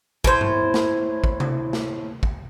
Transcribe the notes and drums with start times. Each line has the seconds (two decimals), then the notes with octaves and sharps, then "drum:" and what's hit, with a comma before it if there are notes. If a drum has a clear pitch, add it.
0.24 A2 C5, drum: kick
0.41 drum: tom G2
0.74 drum: snare
1.24 drum: kick
1.40 drum: tom C3
1.73 drum: snare
2.23 drum: kick